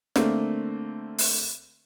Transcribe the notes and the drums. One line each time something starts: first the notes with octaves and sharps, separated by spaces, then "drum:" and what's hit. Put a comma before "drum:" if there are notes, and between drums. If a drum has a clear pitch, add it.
D3 A3 A#3 C4, drum: snare
drum: open hi-hat